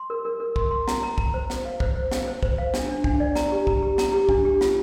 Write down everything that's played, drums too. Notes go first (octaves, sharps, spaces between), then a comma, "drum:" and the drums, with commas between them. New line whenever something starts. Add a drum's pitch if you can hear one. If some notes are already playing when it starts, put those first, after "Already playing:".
Already playing: C6
A#4
A#4
A#4
C6, drum: kick
C6
A#5, drum: snare
A#5
A#5, drum: kick
C5
C5, drum: snare
F5
C5, drum: kick
C5
F5, drum: snare
C5
C5, drum: kick
F5
D4, drum: snare
D4
D4, drum: kick
D5
A#5, drum: snare
G4
A#5, drum: kick
G4
A#5, drum: snare
G4
D4, drum: kick
G4
F4, drum: snare